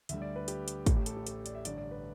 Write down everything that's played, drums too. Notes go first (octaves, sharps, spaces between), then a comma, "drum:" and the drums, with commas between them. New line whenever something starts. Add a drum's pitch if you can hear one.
D2 D3 G3 E5, drum: hi-hat
D5
B4
G4, drum: hi-hat
drum: hi-hat
A1 A2 A3 A4, drum: kick, hi-hat
G4
A4, drum: hi-hat
G4
A4, drum: hi-hat
D5, drum: hi-hat
E5
A1 G2 D3 A3 D5, drum: hi-hat
D5
B4